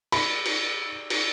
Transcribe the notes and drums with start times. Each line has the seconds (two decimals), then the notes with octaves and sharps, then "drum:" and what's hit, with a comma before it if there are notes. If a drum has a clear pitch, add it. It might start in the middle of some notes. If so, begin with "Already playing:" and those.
0.12 B5, drum: cymbal
0.46 drum: cymbal
1.10 drum: cymbal